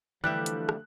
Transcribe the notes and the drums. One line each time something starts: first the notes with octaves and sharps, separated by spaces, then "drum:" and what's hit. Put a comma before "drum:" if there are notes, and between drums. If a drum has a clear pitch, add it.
D3 E3 F3 G3 A3 G4 E5 F#6
drum: hi-hat
drum: rim click